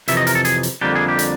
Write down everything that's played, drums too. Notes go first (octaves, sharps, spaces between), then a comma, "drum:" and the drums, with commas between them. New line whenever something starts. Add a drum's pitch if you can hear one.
F2 C3 E3 E5, drum: hi-hat
D#5
A#4, drum: hi-hat
A4
G#4, drum: hi-hat
drum: hi-hat
F2 D3 G3 A#3 D4 G4
G#4
G4
drum: hi-hat